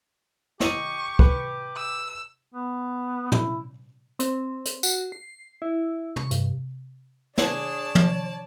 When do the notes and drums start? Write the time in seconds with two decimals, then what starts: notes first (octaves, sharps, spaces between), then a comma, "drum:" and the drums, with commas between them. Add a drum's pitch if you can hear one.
0.60 G4 D#5 C#6 D#7, drum: snare
1.19 B4, drum: kick
1.76 E6
2.54 B3
3.32 E4, drum: tom
4.19 C4, drum: hi-hat
4.65 drum: hi-hat
4.83 F#4, drum: tambourine
5.12 C7
5.62 E4
6.16 C#6, drum: tom
6.31 G2, drum: hi-hat
7.38 D4 G#4 C#5 D5 A5, drum: snare
7.95 drum: tom